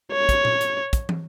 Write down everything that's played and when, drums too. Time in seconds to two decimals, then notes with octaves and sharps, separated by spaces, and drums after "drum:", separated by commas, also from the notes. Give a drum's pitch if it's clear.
0.12 C#5
0.29 drum: kick, hi-hat
0.45 drum: tom A#2
0.61 drum: hi-hat
0.93 drum: kick, hi-hat
1.09 drum: tom